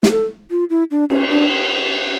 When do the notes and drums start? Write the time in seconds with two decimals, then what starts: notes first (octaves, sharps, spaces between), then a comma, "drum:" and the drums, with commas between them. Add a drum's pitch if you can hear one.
0.03 G4, drum: snare
0.11 A4
0.50 F4
0.70 E4
0.91 D4
1.10 C#4, drum: cymbal
1.30 D4